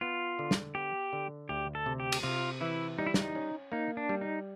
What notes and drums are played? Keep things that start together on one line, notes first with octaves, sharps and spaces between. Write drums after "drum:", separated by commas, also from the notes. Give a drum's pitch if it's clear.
B3 F4
D3
drum: snare
B3 G4
D3
D2 G4
A4
C3
G4
drum: cymbal
C3 F4
E3 E4
G3 D#4
E4
D#4, drum: snare
C#4
A#3 D#4
D4
G3
D#4